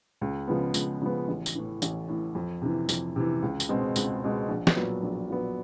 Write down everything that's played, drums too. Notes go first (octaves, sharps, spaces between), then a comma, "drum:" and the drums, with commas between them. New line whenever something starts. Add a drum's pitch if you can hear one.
C#2
C#3 F3 G#3 B3
C#2, drum: tambourine
C#3 F3 G#3 B3
A1
drum: tambourine
A2 E3
A1, drum: tambourine
A2 E3
F2
C3 E3
F2, drum: tambourine
C3 E3
C#2
drum: tambourine
B2 G#3 C4
C#2, drum: tambourine
B2 G#3 C4
A#1
drum: snare
A#2 F#3 B3
A#1
A#2 F#3 B3